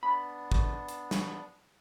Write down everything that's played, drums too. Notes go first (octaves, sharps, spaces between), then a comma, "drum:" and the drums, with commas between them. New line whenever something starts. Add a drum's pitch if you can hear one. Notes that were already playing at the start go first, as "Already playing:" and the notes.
B3 D4 B5
drum: kick
drum: hi-hat
drum: snare